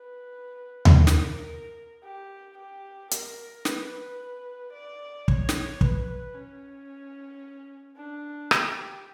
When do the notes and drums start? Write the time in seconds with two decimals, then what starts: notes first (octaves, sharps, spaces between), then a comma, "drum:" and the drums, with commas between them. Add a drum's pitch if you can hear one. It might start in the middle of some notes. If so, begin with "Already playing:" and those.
Already playing: B4
0.85 drum: tom D#2
0.96 A#4
1.07 drum: snare
2.04 G4
2.58 G4
3.11 A#4, drum: hi-hat
3.65 B4, drum: snare
4.73 D5
5.28 C#5, drum: kick
5.49 drum: snare
5.81 B4, drum: kick
6.35 C#4
7.97 D4
8.51 G4, drum: rim click